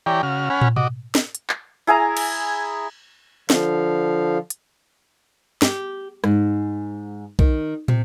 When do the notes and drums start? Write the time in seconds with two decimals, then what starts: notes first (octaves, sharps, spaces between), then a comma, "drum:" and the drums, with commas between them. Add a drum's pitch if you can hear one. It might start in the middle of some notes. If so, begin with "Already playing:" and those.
0.06 E3 G4 C#5 D5 G5 A#5
0.23 C#3 F#4 F6
0.50 C#4 F#5 G#5 B5 F6
0.61 drum: tom
0.76 F#4 D#5 D6, drum: tom B2
1.15 drum: snare
1.35 drum: hi-hat
1.49 drum: clap
1.87 E4 G#4 G#5 A#5
2.17 drum: cymbal
3.50 D3 F3 F5, drum: snare
4.50 drum: hi-hat
5.62 G4, drum: snare
6.24 G#2, drum: rim click
7.39 D#3, drum: kick
7.88 C3, drum: tom